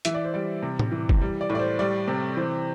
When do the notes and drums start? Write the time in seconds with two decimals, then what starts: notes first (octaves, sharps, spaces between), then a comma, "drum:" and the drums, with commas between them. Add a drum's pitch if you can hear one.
0.05 E3 E5, drum: hi-hat
0.15 D5
0.24 C5
0.34 G3 D5
0.62 C3
0.79 drum: tom A2
0.92 E3
1.09 drum: kick
1.21 G3
1.41 D5
1.50 A2
1.55 D5
1.59 C5
1.79 G3 D5
2.08 C3
2.37 E3 C5